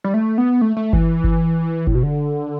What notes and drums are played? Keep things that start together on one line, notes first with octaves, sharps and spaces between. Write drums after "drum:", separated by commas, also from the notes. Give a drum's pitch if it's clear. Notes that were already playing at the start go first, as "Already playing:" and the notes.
G3
A3
B3
A3
A3
E3, drum: kick G1
drum: kick G1
A2, drum: kick G1
B2
D3